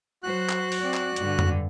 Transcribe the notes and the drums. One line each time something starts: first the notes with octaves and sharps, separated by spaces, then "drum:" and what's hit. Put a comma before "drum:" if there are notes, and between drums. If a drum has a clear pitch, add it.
F#3 F#4 C5 F#6
drum: clap
drum: open hi-hat
C4 D5
drum: clap
G2 D3, drum: hi-hat
drum: tom F2